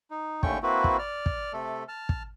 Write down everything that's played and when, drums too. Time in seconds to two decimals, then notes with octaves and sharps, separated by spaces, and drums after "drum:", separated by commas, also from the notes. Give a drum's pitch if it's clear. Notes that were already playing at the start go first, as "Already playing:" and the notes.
0.11 D#4
0.43 D#2 D3 A3 C#4 G5 C#6, drum: kick
0.63 A#3 C4 E4 F#4 B4
0.84 drum: kick
0.98 D5 F6
1.26 drum: kick
1.53 C3 A3 A4
1.88 A5 F6
2.09 drum: kick